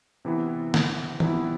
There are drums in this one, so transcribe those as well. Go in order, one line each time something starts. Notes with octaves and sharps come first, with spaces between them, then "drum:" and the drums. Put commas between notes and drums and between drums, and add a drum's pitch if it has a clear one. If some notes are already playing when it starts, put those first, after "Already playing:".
C3 E3 B3 E4
drum: snare
C3 E3 B3 E4, drum: tom E3